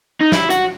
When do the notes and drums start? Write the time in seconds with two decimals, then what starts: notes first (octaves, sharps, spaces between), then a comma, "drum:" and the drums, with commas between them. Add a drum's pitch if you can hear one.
0.21 D#4
0.32 E4, drum: snare
0.50 F#4, drum: hi-hat